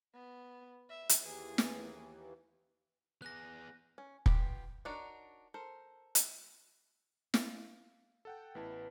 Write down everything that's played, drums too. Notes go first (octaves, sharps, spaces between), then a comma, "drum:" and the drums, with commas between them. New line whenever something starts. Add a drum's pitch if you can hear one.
B3
E5
drum: hi-hat
D#2 E3 G#4
drum: snare
B3 G#4 F#6 A#6
C#4
B3 F4 G4, drum: kick
D4 D#4 F#4 A#4 C#5
A4 A#4 C5
drum: hi-hat
F5, drum: snare
A4 F#5 G5
A1 B3 E4 A5